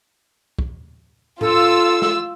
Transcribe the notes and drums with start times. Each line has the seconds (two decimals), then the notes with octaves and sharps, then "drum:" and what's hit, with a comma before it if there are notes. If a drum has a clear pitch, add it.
0.59 drum: kick
1.41 F4 A4 E6, drum: tom A2
2.02 drum: snare